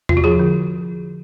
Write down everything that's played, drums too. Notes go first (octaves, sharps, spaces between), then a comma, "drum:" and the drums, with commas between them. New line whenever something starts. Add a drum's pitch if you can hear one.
F4, drum: tom E2
F#4
F3 G#4
D3